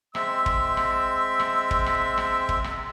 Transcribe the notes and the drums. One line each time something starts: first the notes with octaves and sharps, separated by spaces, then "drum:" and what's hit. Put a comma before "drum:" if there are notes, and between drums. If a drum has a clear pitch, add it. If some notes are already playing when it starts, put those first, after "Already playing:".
G#3 C4 E5 E6, drum: rim click
drum: kick
drum: rim click
drum: rim click
drum: kick
drum: rim click
drum: rim click
drum: kick
drum: rim click